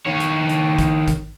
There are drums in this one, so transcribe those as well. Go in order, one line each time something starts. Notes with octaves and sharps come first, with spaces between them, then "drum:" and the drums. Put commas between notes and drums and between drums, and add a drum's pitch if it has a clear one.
D#3 C#5
drum: hi-hat
drum: hi-hat
drum: kick, hi-hat
drum: kick, hi-hat